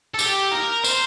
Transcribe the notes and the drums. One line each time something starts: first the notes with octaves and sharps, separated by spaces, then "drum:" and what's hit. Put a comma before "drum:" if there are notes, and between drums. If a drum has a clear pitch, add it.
A4
G4, drum: tambourine
A#4
C5, drum: tambourine